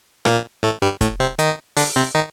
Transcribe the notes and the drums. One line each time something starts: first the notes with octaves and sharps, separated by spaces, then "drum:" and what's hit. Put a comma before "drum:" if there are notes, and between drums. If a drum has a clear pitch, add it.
A#2 A#3, drum: rim click
A2 A3
G2 G3
A2 A3, drum: kick, hi-hat
C3 C4
D#3 D#4, drum: hi-hat
D3 D4, drum: open hi-hat
C3 C4
D#3 D#4